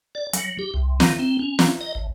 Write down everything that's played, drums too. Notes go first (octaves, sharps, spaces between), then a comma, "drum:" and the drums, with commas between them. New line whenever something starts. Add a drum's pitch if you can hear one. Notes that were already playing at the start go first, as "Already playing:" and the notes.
D5
F#3, drum: hi-hat
G4
C2
D#3, drum: snare
C4
C#4
drum: snare
D#5
A1